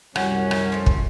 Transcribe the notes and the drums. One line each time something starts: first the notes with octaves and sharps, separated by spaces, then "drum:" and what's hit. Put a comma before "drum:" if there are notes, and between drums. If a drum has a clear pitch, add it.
C2 F#2 G3 C#4 F#5, drum: rim click
drum: rim click
F3 A3
drum: kick